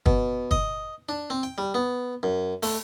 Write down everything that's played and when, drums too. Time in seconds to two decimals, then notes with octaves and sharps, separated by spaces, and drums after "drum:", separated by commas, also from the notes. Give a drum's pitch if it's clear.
0.06 B2, drum: kick
0.51 D#5, drum: kick
1.09 D4
1.30 C4
1.43 G5
1.58 G3
1.74 B3
2.23 F#2
2.63 A3, drum: open hi-hat